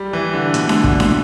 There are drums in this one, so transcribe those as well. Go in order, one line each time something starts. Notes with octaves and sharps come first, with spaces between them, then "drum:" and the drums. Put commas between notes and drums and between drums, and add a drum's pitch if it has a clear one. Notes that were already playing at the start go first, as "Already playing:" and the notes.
Already playing: G3
E3
D3
B2, drum: hi-hat
drum: snare D4
D3, drum: kick
drum: snare D4